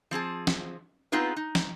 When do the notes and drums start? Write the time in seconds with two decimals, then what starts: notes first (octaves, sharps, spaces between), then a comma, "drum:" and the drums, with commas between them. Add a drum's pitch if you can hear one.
0.11 F3 C4 G#4 A5
0.47 drum: snare
1.12 B3 C4 D#4 F4 G#4 B4
1.36 D#4
1.55 drum: snare